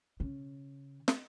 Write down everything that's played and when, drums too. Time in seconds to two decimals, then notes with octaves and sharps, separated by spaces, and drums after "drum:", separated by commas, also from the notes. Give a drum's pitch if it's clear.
0.20 C#3
1.08 drum: snare